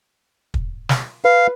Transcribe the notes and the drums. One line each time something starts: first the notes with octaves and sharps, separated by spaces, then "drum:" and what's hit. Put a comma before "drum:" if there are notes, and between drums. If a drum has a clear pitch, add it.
drum: kick
drum: snare
B4 F5